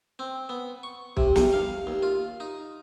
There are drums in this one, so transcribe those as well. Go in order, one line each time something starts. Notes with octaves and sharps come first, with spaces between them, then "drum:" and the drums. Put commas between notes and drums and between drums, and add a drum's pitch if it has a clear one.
C4
B3
C#6
C3, drum: kick
G3, drum: snare
F5
D#2
F4
D#4